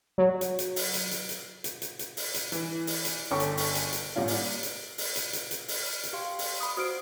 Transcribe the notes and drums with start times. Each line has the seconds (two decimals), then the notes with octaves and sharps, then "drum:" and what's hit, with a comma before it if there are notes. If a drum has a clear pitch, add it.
0.18 F#3
0.41 drum: hi-hat
0.59 drum: hi-hat
0.76 drum: open hi-hat
0.94 drum: hi-hat
1.11 drum: hi-hat
1.29 drum: hi-hat
1.64 drum: hi-hat
1.82 drum: hi-hat
1.99 drum: hi-hat
2.17 drum: open hi-hat
2.34 drum: hi-hat
2.52 E3, drum: hi-hat
2.87 drum: open hi-hat
3.05 drum: hi-hat
3.31 G1 C#4 A4 G5 C#6
3.40 drum: hi-hat
3.57 drum: open hi-hat
3.75 drum: hi-hat
3.93 drum: hi-hat
4.16 A1 A#2 G3 C#4 F4
4.28 drum: open hi-hat
4.63 drum: hi-hat
4.98 drum: open hi-hat
5.16 drum: hi-hat
5.33 drum: hi-hat
5.51 drum: hi-hat
5.68 drum: open hi-hat
5.83 F6
6.04 drum: hi-hat
6.13 G4 F5 C6
6.39 drum: open hi-hat
6.60 B5 D#6
6.77 F#4 C5 D#6 F6 C7 D7